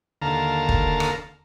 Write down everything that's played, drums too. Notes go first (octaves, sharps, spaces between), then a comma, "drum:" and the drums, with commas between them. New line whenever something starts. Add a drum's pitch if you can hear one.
D#2 D3 A#4 F5 A5 A#5
drum: kick
drum: rim click